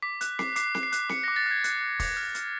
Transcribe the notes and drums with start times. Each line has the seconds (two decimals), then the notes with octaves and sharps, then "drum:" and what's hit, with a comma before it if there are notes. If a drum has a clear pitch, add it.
0.02 D6 B6
0.21 F#6, drum: hi-hat
0.39 D6 C7, drum: snare C4
0.56 D6 C7, drum: hi-hat
0.75 F#6, drum: snare C4
0.83 C7
0.92 F#6, drum: hi-hat
1.09 D6 C#7, drum: snare C4
1.24 A#6
1.28 D6
1.36 A6
1.46 F#6 G#6
1.64 F#6, drum: hi-hat
1.81 F#6
2.00 D6, drum: kick, open hi-hat
2.17 F6
2.35 F6, drum: hi-hat